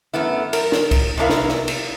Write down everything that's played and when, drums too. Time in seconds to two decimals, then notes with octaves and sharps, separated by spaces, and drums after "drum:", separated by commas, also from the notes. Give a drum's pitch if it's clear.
0.14 F#2 A3 B3 E4
0.53 A#4, drum: cymbal
0.72 drum: snare
0.91 drum: kick, cymbal
1.17 C3 B3 D4 E4 A#4 F5
1.30 drum: snare
1.49 drum: snare
1.68 drum: cymbal